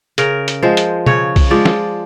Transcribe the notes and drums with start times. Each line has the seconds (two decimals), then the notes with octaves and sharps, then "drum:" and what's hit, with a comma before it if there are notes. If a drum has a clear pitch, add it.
0.18 C#3 A#4, drum: hi-hat
0.48 drum: hi-hat
0.63 F3 G#3 C5
0.77 drum: hi-hat
1.06 C#3 C#5, drum: tom B2
1.36 drum: kick B1, open hi-hat
1.51 F3 G#3 D5
1.65 drum: snare